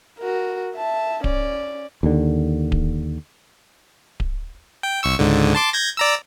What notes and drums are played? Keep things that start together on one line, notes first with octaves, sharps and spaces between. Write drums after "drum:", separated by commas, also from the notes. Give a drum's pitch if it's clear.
F#4 A#4
E5 A5
C#4 D5, drum: kick D1
D#2 D3
drum: kick D1
drum: kick D1
G5
C2 C#6 E6
C#2 G#2 D3
A5 C6 D6
G6 G#6 A#6
D5 A#5 E6